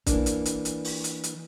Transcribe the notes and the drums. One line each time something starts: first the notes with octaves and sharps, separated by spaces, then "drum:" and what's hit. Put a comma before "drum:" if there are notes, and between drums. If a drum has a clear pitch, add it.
E3 A#3 D4, drum: kick, hi-hat
drum: hi-hat
drum: hi-hat
drum: hi-hat
drum: open hi-hat
drum: hi-hat
drum: hi-hat